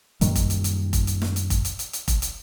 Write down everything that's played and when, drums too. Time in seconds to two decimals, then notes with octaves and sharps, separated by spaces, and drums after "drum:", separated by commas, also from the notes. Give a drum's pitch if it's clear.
0.21 F#2 A#2 D#3 G3, drum: hi-hat
0.36 drum: kick F1, hi-hat
0.50 drum: hi-hat
0.64 drum: hi-hat
0.93 drum: kick F1, hi-hat
1.07 drum: hi-hat
1.22 drum: snare
1.36 drum: hi-hat
1.50 drum: kick F1, hi-hat
1.65 drum: hi-hat
1.79 drum: hi-hat
1.93 drum: hi-hat
2.08 drum: kick F1, hi-hat
2.22 drum: hi-hat